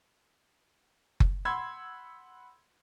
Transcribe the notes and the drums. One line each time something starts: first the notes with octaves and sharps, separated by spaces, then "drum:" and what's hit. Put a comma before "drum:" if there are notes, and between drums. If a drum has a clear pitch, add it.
drum: kick F#1
F#5 B5 C6 E6 G#6